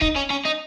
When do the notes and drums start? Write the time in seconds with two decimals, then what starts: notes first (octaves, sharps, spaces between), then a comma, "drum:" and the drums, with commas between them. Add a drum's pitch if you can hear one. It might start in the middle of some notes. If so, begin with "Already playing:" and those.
0.02 D#4, drum: kick
0.16 C#4
0.30 C#4
0.45 D#4